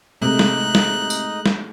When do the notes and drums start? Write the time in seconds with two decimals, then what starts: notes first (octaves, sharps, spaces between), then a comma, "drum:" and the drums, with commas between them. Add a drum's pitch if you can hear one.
0.22 C3 G#3 A3 D#4 D#5 F#6
0.39 drum: snare
0.75 drum: snare
1.10 drum: tambourine
1.46 drum: snare